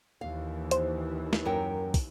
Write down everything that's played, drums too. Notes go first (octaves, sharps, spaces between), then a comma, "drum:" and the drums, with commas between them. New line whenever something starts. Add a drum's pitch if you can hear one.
D#2 E3 F5
C5, drum: hi-hat
drum: snare
F#2 A#4 G5
drum: kick, open hi-hat